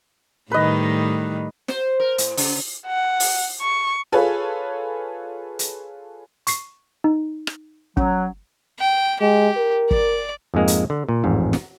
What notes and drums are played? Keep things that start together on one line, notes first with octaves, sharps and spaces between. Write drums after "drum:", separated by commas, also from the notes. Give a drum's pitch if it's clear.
A2 D#3 G3 B4 D#5
C5, drum: snare
A#4
A2, drum: hi-hat
C#3, drum: open hi-hat
F#5
drum: open hi-hat
C#6
F4 G#4 A4 B4 C#5
drum: hi-hat
C#6 C7, drum: hi-hat
D#4
drum: rim click
F#3 C#4, drum: kick
G5
G#3 G4
A#4
D5, drum: kick
F2 G#2 G#3 A#3
drum: hi-hat
D3
A#2
A1 F2 G#2
drum: snare